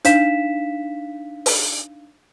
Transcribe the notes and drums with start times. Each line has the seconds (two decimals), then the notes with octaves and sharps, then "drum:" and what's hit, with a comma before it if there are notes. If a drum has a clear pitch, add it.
0.05 D4 D#4 F5 B6 E7, drum: hi-hat
1.46 drum: open hi-hat